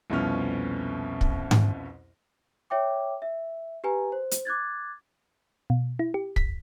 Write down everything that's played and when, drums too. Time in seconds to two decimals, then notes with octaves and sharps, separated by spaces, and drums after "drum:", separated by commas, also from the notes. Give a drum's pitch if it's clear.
0.10 C2 F2 B2 F3 C#4 F6
1.21 drum: kick
1.51 drum: tom G#2
2.70 C#5 E5 G5 D6
3.22 E5
3.84 G4 B4 G#5 A#5
4.12 C5
4.31 drum: hi-hat
4.45 D6 F#6 G#6 A6
5.70 B2
5.99 E4
6.14 G4
6.36 B6, drum: kick